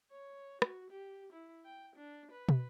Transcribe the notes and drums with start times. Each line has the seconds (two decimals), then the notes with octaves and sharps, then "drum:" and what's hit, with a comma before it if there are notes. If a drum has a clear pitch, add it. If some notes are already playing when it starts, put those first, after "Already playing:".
0.11 C#5
0.62 F#4, drum: rim click
0.90 G4
1.33 E4
1.65 G5
1.96 D4
2.32 B4
2.49 drum: tom